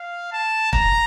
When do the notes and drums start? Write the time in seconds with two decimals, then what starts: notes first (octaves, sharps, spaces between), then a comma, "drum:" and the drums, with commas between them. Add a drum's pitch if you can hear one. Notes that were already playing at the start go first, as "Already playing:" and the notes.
Already playing: F5
0.32 A5
0.73 A#5, drum: kick